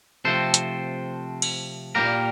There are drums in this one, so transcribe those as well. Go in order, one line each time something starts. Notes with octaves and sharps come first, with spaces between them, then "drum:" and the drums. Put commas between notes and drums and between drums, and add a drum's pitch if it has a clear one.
C3 F3 A3 C4 A4 C5
drum: hi-hat
drum: cymbal
A#2 G3 A#3 G4 A#4